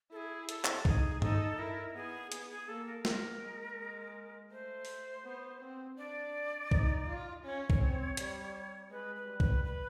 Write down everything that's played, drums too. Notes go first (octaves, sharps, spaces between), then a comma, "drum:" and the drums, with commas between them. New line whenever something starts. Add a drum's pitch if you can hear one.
E4 G#4 A4
A4, drum: hi-hat
drum: clap
D#4 G#4, drum: kick
D#4 A4, drum: tom G2
E4 A#4
B3 G#4
B3 G#4, drum: hi-hat
G#4
A#3 A4
A#4
A#3 A#4, drum: snare
G#3
G#3
A3 C5
drum: open hi-hat
B3
C4
D4 D5
D#4, drum: kick
F4
C#4 C#5
drum: kick
C4
G3, drum: hi-hat
G#3 B4
B4
G3
B4, drum: kick
B4